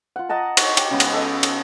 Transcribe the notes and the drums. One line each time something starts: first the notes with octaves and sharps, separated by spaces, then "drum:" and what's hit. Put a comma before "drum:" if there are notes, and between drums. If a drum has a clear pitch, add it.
F4 F#5
D#5 F#5 A5 A#5
C#5, drum: cymbal
G4, drum: cymbal
C#3 G#3 B3
drum: cymbal
A4 D#5
drum: cymbal